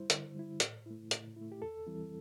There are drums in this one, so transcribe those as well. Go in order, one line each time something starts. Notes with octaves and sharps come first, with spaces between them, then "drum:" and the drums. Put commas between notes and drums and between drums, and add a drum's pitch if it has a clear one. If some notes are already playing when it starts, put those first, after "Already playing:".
Already playing: G3 E4 C5
D3, drum: hi-hat
G3 E4
A2, drum: hi-hat
A3 E4
A2, drum: hi-hat
A3 E4
G4
E2 A4
E3 G3 C4 E4